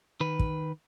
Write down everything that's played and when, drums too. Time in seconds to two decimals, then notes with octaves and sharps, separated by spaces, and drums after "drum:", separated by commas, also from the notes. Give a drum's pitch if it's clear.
0.20 D#3 B4
0.39 drum: kick